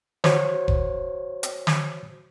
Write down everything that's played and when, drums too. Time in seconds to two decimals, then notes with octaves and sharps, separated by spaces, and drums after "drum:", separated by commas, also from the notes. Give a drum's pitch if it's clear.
0.24 F#4 C5 C#5, drum: snare
0.68 drum: kick F1
1.43 drum: hi-hat
1.67 drum: snare